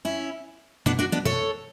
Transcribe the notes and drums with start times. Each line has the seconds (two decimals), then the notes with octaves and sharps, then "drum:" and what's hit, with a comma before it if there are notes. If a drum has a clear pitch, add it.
0.05 C#4 E4
0.86 B3 D4, drum: tom
0.99 D4 F#4
1.12 B3 D4
1.25 A4 C#5, drum: tom